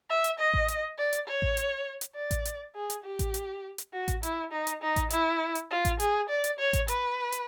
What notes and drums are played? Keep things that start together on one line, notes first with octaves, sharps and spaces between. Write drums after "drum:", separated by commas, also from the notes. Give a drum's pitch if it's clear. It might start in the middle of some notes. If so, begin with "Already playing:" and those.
E5
drum: hi-hat
D#5
drum: kick A1
drum: hi-hat
D5
drum: hi-hat
C#5
drum: kick A1
drum: hi-hat
drum: hi-hat
D5
drum: kick A1, hi-hat
drum: hi-hat
G#4
drum: hi-hat
G4
drum: kick A1, hi-hat
drum: hi-hat
drum: hi-hat
F#4
drum: kick A1, hi-hat
E4, drum: hi-hat
D#4
drum: hi-hat
D#4
drum: kick A1, hi-hat
E4, drum: hi-hat
drum: hi-hat
F4
drum: kick A1, hi-hat
G#4, drum: hi-hat
D5
drum: hi-hat
C#5
drum: kick A1, hi-hat
B4, drum: hi-hat
drum: hi-hat